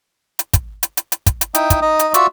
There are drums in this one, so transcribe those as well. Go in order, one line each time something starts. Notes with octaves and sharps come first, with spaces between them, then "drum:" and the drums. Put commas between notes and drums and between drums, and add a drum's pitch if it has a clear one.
drum: hi-hat
drum: kick, hi-hat
drum: hi-hat
drum: hi-hat
drum: hi-hat
drum: kick, hi-hat
drum: hi-hat
D#4 E4 G5 D#6, drum: hi-hat
drum: kick, hi-hat
D#4 D#5 D#6
drum: hi-hat
F4 F#4 D5 E5 C#6 E6, drum: hi-hat